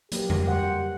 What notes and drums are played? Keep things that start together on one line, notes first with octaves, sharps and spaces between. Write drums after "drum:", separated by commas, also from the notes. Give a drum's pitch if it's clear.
F#3 A#3 G4, drum: hi-hat
drum: tom F2
G3 C5 F#5